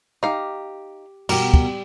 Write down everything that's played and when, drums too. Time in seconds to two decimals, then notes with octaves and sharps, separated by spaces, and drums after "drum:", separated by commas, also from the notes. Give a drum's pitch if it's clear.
0.23 D#4 G4 F5
1.29 B2 G3 G4 A#4, drum: cymbal
1.54 drum: kick